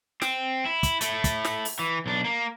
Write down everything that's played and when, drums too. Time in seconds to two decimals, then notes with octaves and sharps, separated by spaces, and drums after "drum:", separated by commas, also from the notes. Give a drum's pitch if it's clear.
0.22 C4, drum: snare
0.65 E4
0.83 drum: kick, hi-hat
1.01 A3 E4, drum: hi-hat
1.24 drum: kick, hi-hat
1.45 drum: snare
1.65 drum: open hi-hat
1.79 E3
2.06 B1 D4
2.24 A#3